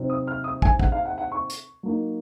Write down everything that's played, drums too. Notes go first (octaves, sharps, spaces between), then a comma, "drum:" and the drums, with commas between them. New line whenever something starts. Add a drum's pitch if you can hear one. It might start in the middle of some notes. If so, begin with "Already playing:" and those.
Already playing: C3 F#3 C4 D#4
D#6
F6
D#6
G#5, drum: kick
F#5, drum: kick
F5
F#5
F#5
C#6
drum: hi-hat
F#3 A#3 D#4